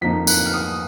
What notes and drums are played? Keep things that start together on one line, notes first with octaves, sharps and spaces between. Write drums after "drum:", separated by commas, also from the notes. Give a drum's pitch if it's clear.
F2 F3 A#3 D#4 B6
F#6, drum: tambourine
F6
D#6